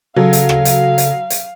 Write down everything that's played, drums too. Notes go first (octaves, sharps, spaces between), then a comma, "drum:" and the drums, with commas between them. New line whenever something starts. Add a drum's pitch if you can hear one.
C#3 F#3 A4 F5
drum: hi-hat
drum: rim click
drum: hi-hat
drum: hi-hat
drum: hi-hat